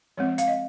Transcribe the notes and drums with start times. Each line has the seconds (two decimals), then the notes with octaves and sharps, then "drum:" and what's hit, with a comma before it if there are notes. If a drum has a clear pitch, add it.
0.17 F3 G#3 C4 C#5
0.38 F5, drum: hi-hat
0.48 D#5